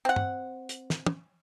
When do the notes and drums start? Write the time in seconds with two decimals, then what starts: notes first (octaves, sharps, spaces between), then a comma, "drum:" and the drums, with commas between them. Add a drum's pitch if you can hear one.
0.05 C4 F#5
0.16 drum: tom
0.69 drum: hi-hat
0.90 drum: snare
1.06 drum: tom